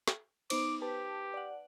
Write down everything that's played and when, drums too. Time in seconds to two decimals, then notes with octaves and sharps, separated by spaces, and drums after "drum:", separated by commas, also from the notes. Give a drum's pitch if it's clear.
0.08 drum: snare
0.50 B3 D#4 C5 D6, drum: cymbal
0.82 G4 B4 A5
1.34 D5 F#5